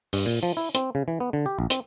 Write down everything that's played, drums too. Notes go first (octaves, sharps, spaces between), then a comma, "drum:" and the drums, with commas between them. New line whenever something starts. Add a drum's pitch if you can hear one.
G2, drum: open hi-hat
A#2
F3
E4
C4, drum: hi-hat
C#3
E3
B3
D3
G4
A#1
C4, drum: hi-hat